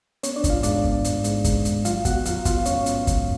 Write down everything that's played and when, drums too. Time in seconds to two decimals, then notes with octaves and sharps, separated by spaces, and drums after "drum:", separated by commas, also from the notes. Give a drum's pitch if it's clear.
0.23 B3 C#4 C#5, drum: hi-hat
0.36 D4 D5
0.44 G#2, drum: kick, hi-hat
0.50 F4 F5
0.63 G#2 D4 D5, drum: hi-hat
0.84 B3, drum: kick
1.04 G#2, drum: hi-hat
1.24 G#2, drum: hi-hat
1.44 G#2, drum: kick, hi-hat
1.65 G#3, drum: hi-hat
1.85 F#3 F4 F5, drum: hi-hat
2.05 B3 F#4 F#5, drum: kick, hi-hat
2.25 F#3 F4 F5, drum: hi-hat
2.45 B3 F4 F5, drum: kick, hi-hat
2.65 G#2 C#4 C#5, drum: hi-hat
2.86 B3, drum: hi-hat
3.07 G#2, drum: kick, hi-hat